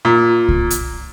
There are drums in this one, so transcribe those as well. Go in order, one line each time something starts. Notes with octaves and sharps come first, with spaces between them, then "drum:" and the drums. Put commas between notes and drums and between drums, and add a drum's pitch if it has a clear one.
A#2
drum: kick C2
drum: hi-hat